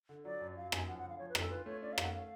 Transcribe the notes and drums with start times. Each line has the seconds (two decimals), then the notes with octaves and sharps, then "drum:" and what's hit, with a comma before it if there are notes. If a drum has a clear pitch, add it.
0.09 D3
0.25 F#3 D5
0.41 F#2
0.56 F#3 F5
0.72 F#2 G#5, drum: rim click
0.88 F3 F#5
0.99 F#5
1.04 D2
1.09 F5
1.19 F3 C#5
1.30 B4
1.35 D2 A4, drum: rim click
1.50 F4 B4
1.66 A3 C#5
1.82 C#4 D5
1.93 F5
1.98 A3, drum: rim click
2.03 F#5
2.14 F5